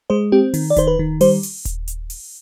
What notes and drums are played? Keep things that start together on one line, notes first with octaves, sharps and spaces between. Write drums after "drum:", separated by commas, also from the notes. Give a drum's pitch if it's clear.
G#3 C5
C4 G4
D#3, drum: open hi-hat
D5
D#3 C5, drum: kick D#1, hi-hat
B4
D#3
G3 C5, drum: open hi-hat
drum: open hi-hat
drum: kick D#1, hi-hat
drum: hi-hat
drum: open hi-hat